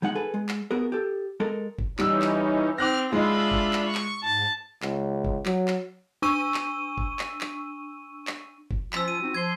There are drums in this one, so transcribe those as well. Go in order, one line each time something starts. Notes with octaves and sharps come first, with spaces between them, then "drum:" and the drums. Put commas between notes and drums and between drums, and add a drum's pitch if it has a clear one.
D#3 G#3 D#4 F#5
G#4 A4 B4
G#3
drum: clap
B3 F#4 G#4 A#4
G4 A4
G#3 A4 A#4
drum: kick G1
E3 G3 C#4 D#4 E6, drum: clap
drum: clap
C4 D6 F6 F#6 A#6
G#3 D4 F4 D#5 E5 B5
drum: kick G1
drum: clap
C#6
drum: clap
G#2 A5
C#2, drum: clap
drum: kick G1
F#3, drum: clap
drum: clap
D4 C#6 E6 D#7
drum: clap
drum: kick G1
drum: clap
drum: clap
drum: clap
drum: kick G1
F3 C#4 F4 E6 B6, drum: clap
D#7
C4 D#4 F#4
F3 C6 G#6